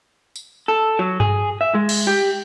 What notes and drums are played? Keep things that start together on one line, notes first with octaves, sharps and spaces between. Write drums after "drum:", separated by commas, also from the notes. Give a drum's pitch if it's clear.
drum: tambourine
A4
F#3
G#4, drum: tom G2
E5
G#3
drum: cymbal
G4